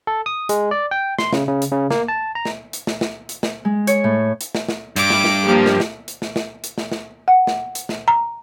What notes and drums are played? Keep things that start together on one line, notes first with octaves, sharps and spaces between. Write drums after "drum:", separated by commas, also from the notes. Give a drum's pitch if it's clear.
A4
D#6
G#3, drum: hi-hat
D5
G5
C6, drum: snare
C#3, drum: snare
C#3
drum: hi-hat
C#3
A#3, drum: snare
A5
A#5
drum: snare
drum: hi-hat
drum: snare
drum: snare
drum: hi-hat
drum: snare
G#3
C#5, drum: hi-hat
A2
drum: hi-hat
drum: snare
drum: snare
G2 D6, drum: hi-hat
drum: snare
drum: snare
F3 A#3 G4
drum: snare
drum: snare
drum: hi-hat
drum: snare
drum: snare
drum: hi-hat
drum: snare
drum: snare
F#5
drum: snare
drum: hi-hat
drum: snare
A#5